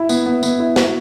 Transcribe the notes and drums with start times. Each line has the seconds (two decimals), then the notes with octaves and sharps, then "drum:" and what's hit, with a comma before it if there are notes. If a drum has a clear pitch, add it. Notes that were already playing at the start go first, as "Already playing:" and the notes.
Already playing: E4
0.09 B3, drum: tambourine
0.26 B3
0.43 B3, drum: tambourine
0.60 E4
0.76 F#4, drum: snare